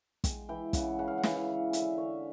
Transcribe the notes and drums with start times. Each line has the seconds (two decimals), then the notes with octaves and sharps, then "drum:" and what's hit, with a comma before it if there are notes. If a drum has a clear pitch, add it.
0.24 G#3 G5, drum: kick, hi-hat
0.49 E3 G5
0.73 C#3 F#5, drum: kick, hi-hat
0.99 C#3 F#5
1.08 F5
1.18 F#5
1.23 E3, drum: snare
1.36 F5
1.48 E3
1.73 D3 E5, drum: hi-hat
1.97 D3 C#5